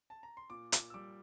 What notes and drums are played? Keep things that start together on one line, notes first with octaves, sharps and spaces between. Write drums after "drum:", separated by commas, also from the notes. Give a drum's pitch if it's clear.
A5
A#5
C6
A#2 D6
A#2, drum: hi-hat
E6
G3 D6